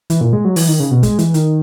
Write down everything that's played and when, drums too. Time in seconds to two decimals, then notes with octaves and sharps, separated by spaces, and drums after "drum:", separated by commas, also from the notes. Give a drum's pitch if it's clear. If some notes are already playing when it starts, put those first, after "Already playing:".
0.10 E3, drum: hi-hat
0.21 A#2
0.33 G#3
0.45 F#3
0.56 E3, drum: open hi-hat
0.68 D#3
0.80 C#3
0.91 B2
1.03 G#3, drum: kick G1, hi-hat
1.19 E3, drum: hi-hat
1.34 D#3, drum: hi-hat